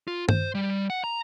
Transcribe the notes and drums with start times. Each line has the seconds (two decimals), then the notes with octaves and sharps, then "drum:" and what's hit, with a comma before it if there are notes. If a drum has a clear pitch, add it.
0.08 F4
0.29 C5, drum: tom G2
0.55 G3
0.90 F#5
1.04 A#5